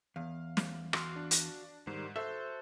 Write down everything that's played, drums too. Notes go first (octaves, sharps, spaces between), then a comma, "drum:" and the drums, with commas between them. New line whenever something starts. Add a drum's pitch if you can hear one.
E2 F5
drum: snare
F#4 F5 C6, drum: rim click
D4
drum: hi-hat
G#2 D#3 G3 C5
F#4 A4 C5 E5 C6